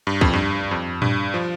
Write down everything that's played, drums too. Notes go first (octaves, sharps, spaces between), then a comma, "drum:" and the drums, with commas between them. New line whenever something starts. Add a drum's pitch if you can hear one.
G2
F2, drum: kick
G2
F2
G2, drum: tom A2
F3